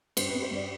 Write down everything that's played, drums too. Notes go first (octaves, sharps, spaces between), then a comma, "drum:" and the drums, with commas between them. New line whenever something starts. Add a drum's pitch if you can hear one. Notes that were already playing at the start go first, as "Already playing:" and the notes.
G2 C5, drum: cymbal
B4
C4
C5
G2 D5